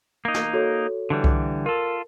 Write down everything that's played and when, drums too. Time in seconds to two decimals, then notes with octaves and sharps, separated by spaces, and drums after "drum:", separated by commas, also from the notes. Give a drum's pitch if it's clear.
0.25 A#3 D#4
0.34 drum: snare
0.53 F#4 A4 C#5
1.10 D3 E3 G3
1.24 drum: kick C2
1.66 F4 A4 A#4